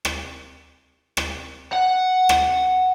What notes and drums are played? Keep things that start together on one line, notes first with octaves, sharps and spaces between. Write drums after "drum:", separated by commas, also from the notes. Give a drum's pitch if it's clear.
drum: rim click
drum: rim click
F#5
drum: rim click